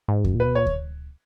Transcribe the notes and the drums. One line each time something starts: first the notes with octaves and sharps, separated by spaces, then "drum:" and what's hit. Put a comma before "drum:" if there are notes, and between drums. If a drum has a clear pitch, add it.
G#2
F#2, drum: kick D2
A#2
B4
B2
A#2 C#5
drum: kick D2